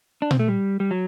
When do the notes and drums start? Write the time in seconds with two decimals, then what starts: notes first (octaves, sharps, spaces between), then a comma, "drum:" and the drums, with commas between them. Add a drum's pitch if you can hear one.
0.22 D4
0.31 C4, drum: tom A#2
0.39 A3
0.48 G3
0.80 G3
0.91 F#3